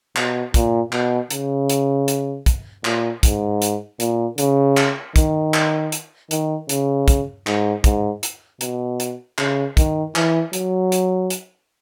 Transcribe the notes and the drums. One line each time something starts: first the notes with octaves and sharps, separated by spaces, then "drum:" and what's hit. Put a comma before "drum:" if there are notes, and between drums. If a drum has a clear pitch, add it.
B2, drum: clap
A#2, drum: kick, hi-hat
B2, drum: clap
C#3, drum: hi-hat
drum: hi-hat
drum: hi-hat
drum: kick, hi-hat
A#2, drum: clap
G#2, drum: kick, hi-hat
drum: hi-hat
A#2, drum: hi-hat
C#3, drum: hi-hat
drum: clap
D#3, drum: kick, hi-hat
drum: clap
drum: hi-hat
D#3, drum: hi-hat
C#3, drum: hi-hat
drum: kick, hi-hat
G#2, drum: clap
G#2, drum: kick, hi-hat
drum: hi-hat
B2, drum: hi-hat
drum: hi-hat
C#3, drum: clap
D#3, drum: kick, hi-hat
E3, drum: clap
F#3, drum: hi-hat
drum: hi-hat
drum: hi-hat